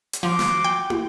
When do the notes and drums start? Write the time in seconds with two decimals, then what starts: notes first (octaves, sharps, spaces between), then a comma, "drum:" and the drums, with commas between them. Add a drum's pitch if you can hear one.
0.13 drum: hi-hat
0.23 F3 F#4 C6 D6
0.39 drum: snare
0.64 G5
0.90 drum: tom